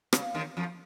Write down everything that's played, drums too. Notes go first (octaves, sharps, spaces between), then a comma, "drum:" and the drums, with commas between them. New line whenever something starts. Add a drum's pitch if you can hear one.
C#3, drum: rim click
D#2 D#3
F2 F3